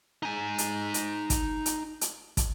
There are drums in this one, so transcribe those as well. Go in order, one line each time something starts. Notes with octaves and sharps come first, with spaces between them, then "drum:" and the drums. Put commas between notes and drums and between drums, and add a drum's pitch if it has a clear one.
D#4 G#5
drum: hi-hat
drum: hi-hat
drum: kick, hi-hat
drum: hi-hat
drum: hi-hat
drum: kick, hi-hat